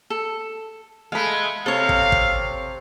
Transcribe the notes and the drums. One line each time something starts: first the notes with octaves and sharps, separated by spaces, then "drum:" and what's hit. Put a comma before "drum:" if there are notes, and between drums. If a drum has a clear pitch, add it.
A4
G#3 A3 F5 B5
C3 A4 C#5 F5
drum: kick
drum: kick